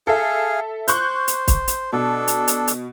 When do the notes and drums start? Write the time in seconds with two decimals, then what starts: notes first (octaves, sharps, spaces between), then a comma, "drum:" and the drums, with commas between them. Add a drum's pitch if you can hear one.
0.07 G#4 A4 E5 F5
0.88 C5 C#6 F#6 G6, drum: hi-hat
1.28 drum: hi-hat
1.48 drum: kick, hi-hat
1.68 drum: hi-hat
1.93 B2 D4 A4
2.28 drum: hi-hat
2.48 drum: hi-hat
2.68 drum: hi-hat